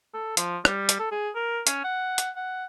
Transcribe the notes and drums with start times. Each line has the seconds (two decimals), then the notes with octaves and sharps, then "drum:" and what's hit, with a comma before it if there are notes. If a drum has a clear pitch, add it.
0.14 A4
0.37 F3, drum: hi-hat
0.65 G3, drum: rim click
0.89 drum: hi-hat
0.99 A4
1.12 G#4
1.35 A#4
1.67 C#4, drum: hi-hat
1.84 F#5
2.18 drum: hi-hat
2.36 F#5